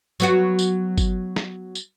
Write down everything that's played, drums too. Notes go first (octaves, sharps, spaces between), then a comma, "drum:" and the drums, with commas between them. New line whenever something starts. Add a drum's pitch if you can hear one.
F#3 B3 F#4, drum: tambourine
drum: tambourine
drum: kick G1, tambourine
drum: snare
drum: tambourine